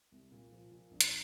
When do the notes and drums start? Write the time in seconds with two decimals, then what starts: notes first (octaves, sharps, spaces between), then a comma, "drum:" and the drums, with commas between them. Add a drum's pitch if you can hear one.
0.12 C2
0.32 A#2
0.51 F3
0.72 A#2
0.91 A#1
1.01 drum: hi-hat